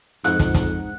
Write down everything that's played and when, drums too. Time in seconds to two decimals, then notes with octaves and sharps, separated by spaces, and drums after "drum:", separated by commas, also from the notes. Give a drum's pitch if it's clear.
0.24 F2 G#2 D#4 F#5, drum: hi-hat
0.39 drum: kick, hi-hat
0.54 drum: kick, hi-hat